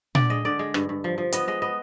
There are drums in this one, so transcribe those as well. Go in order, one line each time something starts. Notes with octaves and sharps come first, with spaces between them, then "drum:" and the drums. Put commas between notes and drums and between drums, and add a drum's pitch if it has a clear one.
D3 D5, drum: tom A#2
G#3 D#5
D3 D5
G#3
G2, drum: rim click
G2
F3
F3
B3 D#5, drum: hi-hat
G#3 D#5
B3 D#5